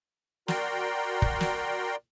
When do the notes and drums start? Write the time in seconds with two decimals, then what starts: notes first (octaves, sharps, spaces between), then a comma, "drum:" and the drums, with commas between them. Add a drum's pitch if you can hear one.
0.48 F#4 A#4 D5 G5 A#5 C6, drum: snare
1.22 drum: kick
1.41 drum: snare